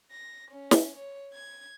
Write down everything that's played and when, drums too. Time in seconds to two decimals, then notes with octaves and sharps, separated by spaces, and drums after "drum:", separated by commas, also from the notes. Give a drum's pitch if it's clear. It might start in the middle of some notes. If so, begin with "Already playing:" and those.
0.11 A#6
0.51 C#4
0.71 drum: snare
0.96 C#5
1.34 G#6